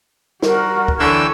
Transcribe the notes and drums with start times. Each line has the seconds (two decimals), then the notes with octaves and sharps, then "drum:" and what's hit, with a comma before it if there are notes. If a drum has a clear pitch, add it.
0.42 G3 F#4 A#4, drum: snare
0.88 drum: kick
0.99 D3 E3 A4 C#5 G5 E6